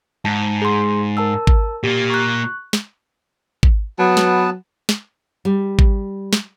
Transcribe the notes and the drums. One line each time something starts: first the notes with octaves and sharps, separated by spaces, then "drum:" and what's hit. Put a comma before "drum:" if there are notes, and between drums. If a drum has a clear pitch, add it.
G#2 A5
G#4 C6
A#4 A5 E6
drum: kick G#1
A#2 A#3 G4
C#6 F#6
drum: snare
drum: kick G#1
F#3 B3 B4 A5
drum: snare
drum: snare
G3
drum: kick G#1
drum: snare